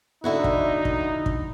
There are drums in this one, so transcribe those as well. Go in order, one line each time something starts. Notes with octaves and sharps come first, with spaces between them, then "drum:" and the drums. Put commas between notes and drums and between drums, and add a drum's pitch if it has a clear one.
D3 D#4 E4 F#4
drum: kick
drum: kick
drum: kick